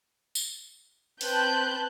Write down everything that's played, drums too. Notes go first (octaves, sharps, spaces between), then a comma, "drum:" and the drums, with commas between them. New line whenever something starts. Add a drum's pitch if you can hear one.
drum: tambourine
C4 B4 A5 F#6 G6, drum: open hi-hat